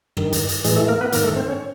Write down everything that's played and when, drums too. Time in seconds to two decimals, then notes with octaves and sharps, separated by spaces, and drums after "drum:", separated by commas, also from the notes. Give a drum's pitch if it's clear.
0.17 G2 D#3, drum: rim click
0.32 drum: hi-hat
0.48 drum: hi-hat
0.64 A2 E3 G#3 G#4, drum: hi-hat
0.76 A3 A4
0.88 A#3 A#4
1.01 B3 B4
1.12 G#2 D#3 A#3 A#4, drum: hi-hat
1.24 A3 A4
1.36 C4 C5
1.48 C#4 C#5